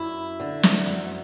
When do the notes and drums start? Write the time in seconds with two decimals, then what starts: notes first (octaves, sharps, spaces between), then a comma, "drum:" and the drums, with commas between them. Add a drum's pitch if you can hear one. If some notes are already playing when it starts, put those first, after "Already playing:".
Already playing: F#2 E4
0.40 D3
0.63 drum: snare
0.87 F#2